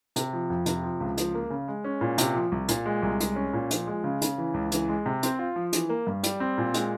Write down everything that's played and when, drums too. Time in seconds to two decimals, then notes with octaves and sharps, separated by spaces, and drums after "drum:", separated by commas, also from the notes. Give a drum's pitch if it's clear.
0.16 C3, drum: hi-hat
0.33 F3
0.50 F2
0.66 C3, drum: hi-hat
0.83 F3
1.00 C#2
1.17 F3, drum: hi-hat
1.35 A#3
1.50 C#3
1.68 G#3
1.84 C#4
2.01 A#2
2.18 C3, drum: hi-hat
2.35 F3
2.52 C2
2.68 A#2, drum: hi-hat
2.86 G#3
3.03 C2
3.20 G#3, drum: hi-hat
3.36 C#4
3.53 A#2
3.71 F3, drum: hi-hat
3.87 G#3
4.04 C#3
4.22 C#3, drum: hi-hat
4.38 E3
4.54 C#2
4.72 E3, drum: hi-hat
4.89 G#3
5.06 C3
5.23 C4, drum: hi-hat
5.39 F4
5.56 F3
5.73 E3, drum: hi-hat
5.89 A#3
6.07 G2
6.23 G3, drum: hi-hat
6.40 C4
6.58 A#2
6.74 G#3, drum: hi-hat